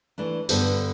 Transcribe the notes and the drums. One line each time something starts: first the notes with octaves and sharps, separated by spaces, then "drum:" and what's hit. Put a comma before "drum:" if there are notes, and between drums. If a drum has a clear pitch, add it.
E3 A3 D4
G2 D3 B3 A4 C5, drum: tambourine